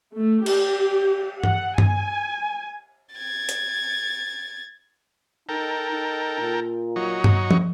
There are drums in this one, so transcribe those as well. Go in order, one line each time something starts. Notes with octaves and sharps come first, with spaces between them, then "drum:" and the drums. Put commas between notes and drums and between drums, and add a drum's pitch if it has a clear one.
A3
G4, drum: cymbal
F#5, drum: tom G2
G#5, drum: tom G2
G#6 A6
drum: hi-hat
D#4 A4 A#4 G5
D#4
A#2
F#3 D#4 C#5
drum: tom G2
drum: tom F3